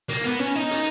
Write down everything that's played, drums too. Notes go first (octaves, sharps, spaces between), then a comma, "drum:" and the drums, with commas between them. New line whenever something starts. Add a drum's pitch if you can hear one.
A#3, drum: hi-hat
B3
C#4
D#4
drum: hi-hat